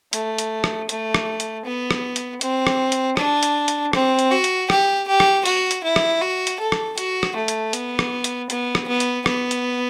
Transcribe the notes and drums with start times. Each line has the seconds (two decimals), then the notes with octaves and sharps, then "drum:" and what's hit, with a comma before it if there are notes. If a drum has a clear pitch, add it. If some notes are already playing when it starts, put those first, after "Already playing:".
0.13 A3, drum: hi-hat
0.38 drum: hi-hat
0.64 drum: rim click
0.89 A3, drum: hi-hat
1.14 drum: rim click
1.40 drum: hi-hat
1.65 B3
1.91 drum: rim click
2.16 drum: hi-hat
2.41 C4, drum: hi-hat
2.67 drum: rim click
2.92 drum: hi-hat
3.17 D4, drum: rim click
3.43 drum: hi-hat
3.68 drum: hi-hat
3.93 C4, drum: rim click
4.19 drum: hi-hat
4.31 F#4
4.44 drum: hi-hat
4.70 G4, drum: rim click
5.07 G4
5.20 drum: rim click
5.45 F#4, drum: hi-hat
5.71 drum: hi-hat
5.84 E4
5.96 drum: rim click
6.21 F#4
6.47 drum: hi-hat
6.60 A4
6.72 drum: rim click
6.98 F#4, drum: hi-hat
7.23 drum: rim click
7.35 A3
7.48 drum: hi-hat
7.73 B3, drum: hi-hat
7.99 drum: rim click
8.24 drum: hi-hat
8.50 B3, drum: hi-hat
8.75 drum: rim click
8.88 B3
9.00 drum: hi-hat
9.26 B3, drum: rim click
9.51 drum: hi-hat